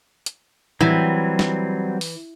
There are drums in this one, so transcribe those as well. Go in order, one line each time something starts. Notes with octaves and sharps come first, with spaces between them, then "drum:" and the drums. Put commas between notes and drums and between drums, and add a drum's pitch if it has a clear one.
drum: hi-hat
E3 F#3 G3 C4, drum: tom A2
drum: snare
drum: open hi-hat